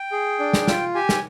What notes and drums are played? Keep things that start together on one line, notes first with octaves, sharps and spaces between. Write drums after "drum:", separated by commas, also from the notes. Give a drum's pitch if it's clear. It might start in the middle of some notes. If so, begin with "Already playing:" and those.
Already playing: G5
G#4
D4
drum: snare
F4, drum: snare
G4 G#5
drum: snare